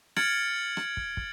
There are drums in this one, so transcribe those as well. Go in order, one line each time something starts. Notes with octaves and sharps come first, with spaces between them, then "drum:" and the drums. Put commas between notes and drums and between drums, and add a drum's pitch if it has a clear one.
F6 G#6 A6 C#7 D7 F#7, drum: rim click
drum: rim click
drum: kick
drum: kick